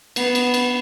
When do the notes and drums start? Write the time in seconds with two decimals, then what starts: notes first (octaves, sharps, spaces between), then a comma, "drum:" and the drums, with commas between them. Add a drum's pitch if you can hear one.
0.16 B3, drum: cymbal
0.35 drum: cymbal
0.54 drum: cymbal